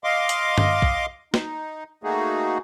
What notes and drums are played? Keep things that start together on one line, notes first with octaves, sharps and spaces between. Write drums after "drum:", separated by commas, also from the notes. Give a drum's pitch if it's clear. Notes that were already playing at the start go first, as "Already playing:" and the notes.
D#5 F5 C6 D6
drum: hi-hat
drum: tom G2
drum: kick A#1
D#4, drum: snare
A3 A#3 D#4 F#4 G#4